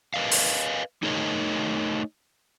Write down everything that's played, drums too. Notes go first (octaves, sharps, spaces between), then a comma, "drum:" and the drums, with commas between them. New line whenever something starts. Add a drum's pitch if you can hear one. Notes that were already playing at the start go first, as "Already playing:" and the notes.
A#4 B4 D#5 F5
drum: open hi-hat
A3 D#4 G#4 A#4 C#5 D#5